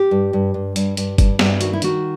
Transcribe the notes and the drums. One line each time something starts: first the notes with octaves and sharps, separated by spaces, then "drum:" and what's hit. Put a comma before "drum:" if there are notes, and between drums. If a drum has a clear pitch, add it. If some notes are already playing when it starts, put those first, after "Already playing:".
Already playing: G4
G2
G2
G2
G2, drum: hi-hat
G2, drum: hi-hat
G2, drum: kick G1, hi-hat
G2, drum: snare
D#3 F#4, drum: hi-hat
E4
D#3 F#4, drum: hi-hat